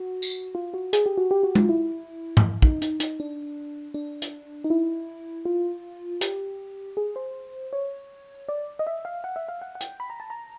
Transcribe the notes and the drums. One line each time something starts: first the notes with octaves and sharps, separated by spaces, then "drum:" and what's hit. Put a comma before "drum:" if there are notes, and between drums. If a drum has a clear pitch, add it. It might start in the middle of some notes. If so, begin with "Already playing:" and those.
Already playing: F#4
drum: tambourine
F4
F#4
G#4, drum: hi-hat
G4
F#4
G4
F#4
F4, drum: tom
E4
drum: tom
D#4, drum: kick
D#4, drum: hi-hat
D#4, drum: hi-hat
D4
D4
drum: hi-hat
D#4
E4
F4
G4, drum: hi-hat
G#4
C5
C#5
D5
D#5
E5
F5
F#5
E5
F5
F#5
F#5
G5, drum: hi-hat
B5
A#5
A5
A#5